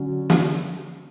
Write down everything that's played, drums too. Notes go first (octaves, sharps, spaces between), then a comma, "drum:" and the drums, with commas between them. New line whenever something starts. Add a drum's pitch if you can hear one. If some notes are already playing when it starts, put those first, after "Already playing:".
Already playing: D3 F#3 C#4
drum: snare